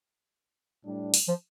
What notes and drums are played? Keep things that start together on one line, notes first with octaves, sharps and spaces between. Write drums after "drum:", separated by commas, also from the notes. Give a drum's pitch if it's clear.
A2 G3 D4
drum: open hi-hat
F3